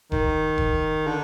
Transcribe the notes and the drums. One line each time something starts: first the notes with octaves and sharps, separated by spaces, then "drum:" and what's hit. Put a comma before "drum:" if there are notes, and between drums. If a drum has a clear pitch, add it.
D#3, drum: kick F1
drum: kick F1
D3